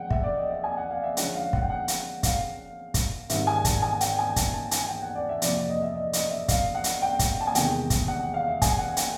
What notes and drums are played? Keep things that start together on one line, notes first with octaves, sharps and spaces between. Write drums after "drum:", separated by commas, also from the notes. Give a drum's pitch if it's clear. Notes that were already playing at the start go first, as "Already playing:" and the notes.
Already playing: F2 G#3 F#5 G5
E5, drum: kick
D5
D#5
E5
G#5
F#5
F5
E5
D3 F3 G#3 C#4 F#5, drum: hi-hat
F5
F#5, drum: kick
G5
F#5
drum: hi-hat
F5, drum: kick, hi-hat
drum: kick, hi-hat
G#2 D#3 G3 C4 E5, drum: hi-hat
G#5
A5, drum: kick, hi-hat
G#5
G5, drum: hi-hat
G#5
A5, drum: kick, hi-hat
A5
G#5, drum: hi-hat
G5
F#5
D5
E5
F2 C3 F3 A#3 D5, drum: hi-hat
D5
D#5
E5
D#5
D#5, drum: hi-hat
E5
F5, drum: kick, hi-hat
F#5
drum: hi-hat
G5
drum: kick, hi-hat
A5
G#5
E2 C3 D#3 G#3 G5, drum: hi-hat
drum: kick, hi-hat
F#5
F5
E5
G#5, drum: kick, hi-hat
F#5
G5, drum: hi-hat